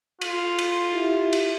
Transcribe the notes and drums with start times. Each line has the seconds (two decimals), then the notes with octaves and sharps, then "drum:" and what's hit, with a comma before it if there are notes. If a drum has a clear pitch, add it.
0.21 F4, drum: cymbal
0.59 drum: cymbal
0.92 E4 G4 E5
1.33 drum: cymbal